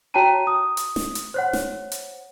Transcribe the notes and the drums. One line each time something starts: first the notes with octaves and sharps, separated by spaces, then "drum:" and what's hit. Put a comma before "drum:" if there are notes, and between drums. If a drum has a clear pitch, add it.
F#4 C#5 G5 A5 A#5 D#7
D#6
drum: hi-hat
drum: snare
drum: hi-hat
C5 C#5 F#5
drum: snare
drum: hi-hat